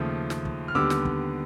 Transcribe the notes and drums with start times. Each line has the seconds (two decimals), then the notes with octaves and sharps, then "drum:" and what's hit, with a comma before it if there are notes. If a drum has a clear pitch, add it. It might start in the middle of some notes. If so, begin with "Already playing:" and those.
Already playing: D#2 C#3 F3 A3
0.30 drum: snare
0.45 drum: kick
0.68 F6
0.75 D#2 D3 G3 B3 D6 E6
0.90 drum: snare
1.05 drum: kick